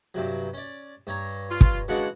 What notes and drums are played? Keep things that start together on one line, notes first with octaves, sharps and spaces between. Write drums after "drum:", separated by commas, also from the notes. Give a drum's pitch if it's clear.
G2 C3 F#3
C#4 D5
G2 C#5 A#5
F4
drum: kick
C#3 E3 G#3 D4 F#4